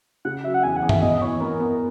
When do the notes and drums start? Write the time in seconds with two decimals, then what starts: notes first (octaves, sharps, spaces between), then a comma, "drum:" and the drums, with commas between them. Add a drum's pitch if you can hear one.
0.25 C#3 F#5
0.44 F#3 E5
0.54 F#5
0.63 E2 G#5
0.77 F#5
0.82 E2
0.89 E5, drum: tom
1.02 B3 D#5
1.22 E3 C#5
1.41 B3 A#4
1.60 B3